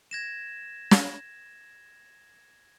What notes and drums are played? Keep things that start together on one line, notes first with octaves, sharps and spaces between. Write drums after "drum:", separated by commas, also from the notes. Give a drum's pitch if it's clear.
G#6 A#6 E7
drum: snare